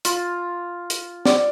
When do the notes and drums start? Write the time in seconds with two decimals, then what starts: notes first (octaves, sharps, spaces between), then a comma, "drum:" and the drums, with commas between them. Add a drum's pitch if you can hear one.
0.05 F4, drum: hi-hat
0.90 drum: hi-hat
1.25 D5, drum: snare